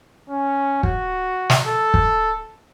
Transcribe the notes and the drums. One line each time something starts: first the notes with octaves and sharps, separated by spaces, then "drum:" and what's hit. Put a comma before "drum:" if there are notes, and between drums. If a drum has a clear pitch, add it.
C#4
F#4, drum: kick
drum: snare
A4
drum: kick